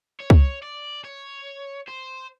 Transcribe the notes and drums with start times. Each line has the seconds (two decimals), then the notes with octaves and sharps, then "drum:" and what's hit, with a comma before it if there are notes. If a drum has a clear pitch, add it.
0.20 C#5
0.30 drum: kick
0.63 D5
1.04 C#5
1.88 C5